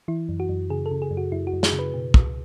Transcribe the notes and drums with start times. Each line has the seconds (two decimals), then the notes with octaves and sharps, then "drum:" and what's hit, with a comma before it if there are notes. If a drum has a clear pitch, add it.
0.08 E3 E4
0.29 F#2
0.40 F#4
0.49 F#2
0.70 C#3 G#4
0.86 A4
0.91 C#3
1.02 G#4
1.11 F#2
1.17 F#4
1.32 F#2 E4
1.47 F#4
1.53 F#2
1.63 G#4, drum: snare
1.73 C#3
1.79 B4
1.94 B2
2.14 C#2, drum: kick